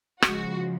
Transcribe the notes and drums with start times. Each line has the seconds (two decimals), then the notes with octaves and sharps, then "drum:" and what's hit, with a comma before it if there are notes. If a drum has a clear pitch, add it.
0.22 C#3 F3 G#3 F#4, drum: rim click